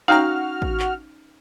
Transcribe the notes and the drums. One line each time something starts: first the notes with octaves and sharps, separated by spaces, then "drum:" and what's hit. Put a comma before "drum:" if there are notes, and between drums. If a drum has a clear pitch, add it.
C#4 D#4 F#4 F5 G5 A#5 F6
drum: kick
drum: clap